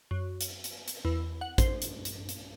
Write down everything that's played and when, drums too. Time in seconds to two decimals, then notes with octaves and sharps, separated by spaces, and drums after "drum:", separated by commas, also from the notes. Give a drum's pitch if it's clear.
0.11 F#2
0.41 drum: hi-hat
0.64 drum: hi-hat
0.88 drum: hi-hat
1.05 E2
1.41 F#5
1.58 C5, drum: kick, hi-hat
1.82 drum: hi-hat
2.05 drum: hi-hat
2.29 drum: hi-hat